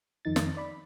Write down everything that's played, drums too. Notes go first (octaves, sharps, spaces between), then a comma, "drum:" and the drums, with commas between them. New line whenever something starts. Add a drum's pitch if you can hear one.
F2 D#3 D#4 A6
drum: snare
D5 B5